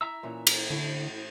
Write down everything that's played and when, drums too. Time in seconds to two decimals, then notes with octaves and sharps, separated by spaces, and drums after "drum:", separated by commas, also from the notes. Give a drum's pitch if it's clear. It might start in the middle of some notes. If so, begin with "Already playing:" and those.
0.01 E4 E5 A#5 E6
0.23 A#2 E3 C#4
0.47 drum: cymbal
0.70 A2 D3